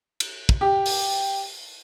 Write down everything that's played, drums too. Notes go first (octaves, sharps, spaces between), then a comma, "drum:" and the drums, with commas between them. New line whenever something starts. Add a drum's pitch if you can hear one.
drum: cymbal
drum: kick
G4
drum: open hi-hat